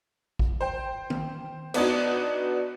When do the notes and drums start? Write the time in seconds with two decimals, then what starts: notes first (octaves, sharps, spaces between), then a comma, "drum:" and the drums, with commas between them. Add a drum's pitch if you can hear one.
0.39 drum: kick A#1
0.61 C5 G5
1.10 drum: tom D#3
1.74 B3 D4 D#4 F#4, drum: cymbal